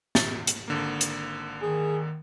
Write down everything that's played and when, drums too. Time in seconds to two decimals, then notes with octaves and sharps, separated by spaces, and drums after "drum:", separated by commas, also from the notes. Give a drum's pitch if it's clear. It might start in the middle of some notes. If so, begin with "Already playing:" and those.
0.15 A6, drum: snare
0.47 drum: hi-hat
0.68 G#1 D3 A#3
1.01 drum: hi-hat
1.62 D#3 G#4